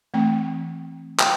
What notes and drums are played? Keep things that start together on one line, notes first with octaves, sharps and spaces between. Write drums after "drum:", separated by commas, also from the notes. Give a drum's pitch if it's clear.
E3 A3 C4 G5
G5, drum: clap